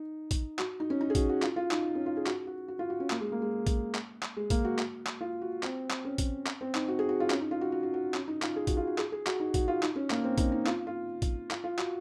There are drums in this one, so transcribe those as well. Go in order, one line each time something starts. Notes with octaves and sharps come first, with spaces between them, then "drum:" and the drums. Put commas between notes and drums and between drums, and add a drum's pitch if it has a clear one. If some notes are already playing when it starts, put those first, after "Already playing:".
Already playing: D#4
drum: kick A#1, hi-hat
F#4, drum: clap
D#4
C#4
D#4
G#4
F#4, drum: kick A#1, hi-hat
F#4
F4, drum: clap
F4
D#4, drum: clap
C#4
F4
G#4
F#4, drum: clap
F#4
F#4
F4
F#4
C#4
A#3, drum: clap
G#3
A#3
G#3
drum: kick A#1, hi-hat
drum: clap
drum: clap
G#3
A#3, drum: kick A#1, hi-hat
F#4
drum: clap
drum: clap
F4
F#4
C4, drum: clap
drum: clap
C#4
drum: kick A#1, hi-hat
drum: clap
C4
D#4, drum: clap
F#4
G#4
F#4
F4
C#4, drum: clap
D#4
F4
F#4
F#4
F#4
F#4
C#4, drum: clap
D#4
F4, drum: clap
G#4
F#4, drum: kick A#1, hi-hat
F4
F#4
G#4, drum: clap
G#4
F#4, drum: clap
D#4
F#4, drum: kick A#1, hi-hat
F4
D#4, drum: clap
C#4
A#3, drum: clap
C4
D#4, drum: kick A#1, hi-hat
D#4
F4, drum: clap
F4
drum: kick A#1, hi-hat
F4, drum: clap
F4
F#4, drum: clap